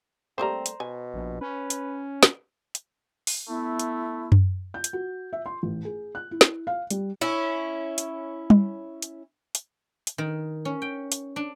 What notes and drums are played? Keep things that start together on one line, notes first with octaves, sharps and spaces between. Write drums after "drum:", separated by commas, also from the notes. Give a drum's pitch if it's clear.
G3 A3 A#3 C4 C5 A#5
drum: hi-hat
B2 G#5
A#1
C#4 B4
drum: hi-hat
drum: snare
drum: hi-hat
drum: open hi-hat
A3 B3 E4
drum: hi-hat
drum: tom F#2
G6
drum: hi-hat
F#4
E5
C6
A1
G#4
F#6
E4
drum: snare
F5
G3, drum: hi-hat
C#4 E4
drum: hi-hat
drum: tom G3
drum: hi-hat
drum: hi-hat
drum: hi-hat
D#3
C#4
G5
drum: hi-hat
D4